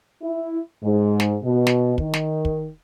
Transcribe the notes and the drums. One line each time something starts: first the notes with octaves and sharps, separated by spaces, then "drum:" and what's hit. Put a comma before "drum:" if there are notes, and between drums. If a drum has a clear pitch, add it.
E4
G#2
drum: snare
B2
drum: snare
D#3, drum: kick
drum: snare
drum: kick